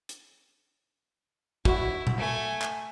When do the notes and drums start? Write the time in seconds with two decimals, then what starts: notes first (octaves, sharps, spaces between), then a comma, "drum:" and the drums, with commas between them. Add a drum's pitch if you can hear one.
0.09 drum: hi-hat
1.65 E4 F#4, drum: kick
2.07 drum: tom A#2
2.18 A3 G#5
2.62 drum: clap